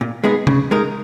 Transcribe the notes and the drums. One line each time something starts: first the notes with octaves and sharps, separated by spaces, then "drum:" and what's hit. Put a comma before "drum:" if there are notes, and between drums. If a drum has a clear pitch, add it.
A#2
G#3 B3 D#4 G#4
C#3, drum: tom C3
G#3 D#4 A#4